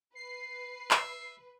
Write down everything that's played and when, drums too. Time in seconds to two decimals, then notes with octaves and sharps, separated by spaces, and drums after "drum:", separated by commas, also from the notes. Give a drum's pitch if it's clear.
0.15 B4 C7
0.91 E5, drum: clap